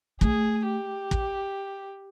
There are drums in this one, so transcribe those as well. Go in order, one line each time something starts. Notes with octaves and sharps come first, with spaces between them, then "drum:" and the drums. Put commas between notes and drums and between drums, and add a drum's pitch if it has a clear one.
A3 G#4, drum: kick
G4
drum: kick